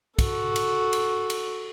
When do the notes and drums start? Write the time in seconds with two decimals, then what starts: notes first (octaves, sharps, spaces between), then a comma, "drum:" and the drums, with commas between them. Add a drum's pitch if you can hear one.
0.19 F#4 A4, drum: kick, cymbal
0.56 drum: cymbal
0.93 drum: cymbal
1.30 drum: cymbal